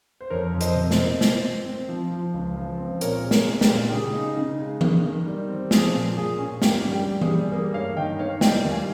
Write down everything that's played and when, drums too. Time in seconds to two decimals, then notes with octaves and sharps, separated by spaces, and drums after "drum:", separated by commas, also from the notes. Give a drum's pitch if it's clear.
0.21 C5
0.30 F2 A#4 C#5
0.54 F2
0.61 C5 D#5, drum: hi-hat
0.75 C3
0.91 C5 D#5, drum: snare
0.98 A#3
1.21 C4, drum: snare
1.43 C4
1.66 C4
1.89 F3
2.11 F3
2.34 C#2
2.56 F3
2.78 C4
3.01 A#2 A#4 C#5, drum: hi-hat
3.23 G#3
3.31 A#4 C#5, drum: snare
3.47 G#3
3.61 G4 A#4, drum: snare
3.69 A#2
3.86 G4
3.91 C#3 G#4
4.14 D#4
4.37 C#3
4.59 G#3
4.81 D#3, drum: tom E3
5.04 D#3
5.26 G3
5.49 C4
5.71 F3 G#4, drum: snare
5.94 A#2
6.17 A#2 G#4
6.39 C#4
6.62 G2 G4 A#4, drum: snare
6.84 G3
6.92 G4
7.07 G3
7.21 G#4, drum: tom E3
7.30 G3
7.52 A#3 G#4
7.74 G2 C#5 F5
7.96 D#3 D#5 G5
8.19 A#3 C#5 F5
8.41 G3 D#5 G5, drum: snare
8.64 D#2
8.72 F5 G#5